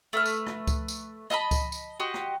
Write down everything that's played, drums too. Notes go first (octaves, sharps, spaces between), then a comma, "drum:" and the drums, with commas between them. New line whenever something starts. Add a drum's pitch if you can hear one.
A3 B4 F6
drum: tambourine
drum: rim click
drum: kick C#2, tambourine
drum: tambourine
D#5 E5 A5 B5, drum: rim click
drum: kick C#2, tambourine
drum: tambourine
F#4 G4 D#5 C6
drum: rim click